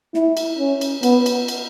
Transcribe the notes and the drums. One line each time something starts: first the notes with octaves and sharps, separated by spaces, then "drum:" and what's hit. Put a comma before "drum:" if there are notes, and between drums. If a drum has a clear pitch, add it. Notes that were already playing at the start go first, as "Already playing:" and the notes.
E4, drum: snare
drum: cymbal
C#4
drum: cymbal
B3, drum: cymbal
drum: cymbal
drum: cymbal